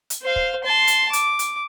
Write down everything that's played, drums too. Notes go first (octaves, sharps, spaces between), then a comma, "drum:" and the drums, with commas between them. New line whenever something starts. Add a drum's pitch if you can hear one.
drum: hi-hat
C5 F5
drum: kick
A5 C6
drum: hi-hat
D6, drum: hi-hat
drum: hi-hat